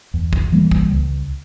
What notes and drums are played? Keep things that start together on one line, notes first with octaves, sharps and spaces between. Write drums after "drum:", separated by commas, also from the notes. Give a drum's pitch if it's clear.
E2
drum: kick
E3 G3 A#3
drum: kick
C#2